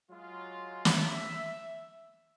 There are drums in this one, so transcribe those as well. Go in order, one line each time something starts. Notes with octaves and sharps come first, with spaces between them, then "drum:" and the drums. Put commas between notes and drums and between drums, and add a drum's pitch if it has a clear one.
F#3 G#3 F4
E5, drum: snare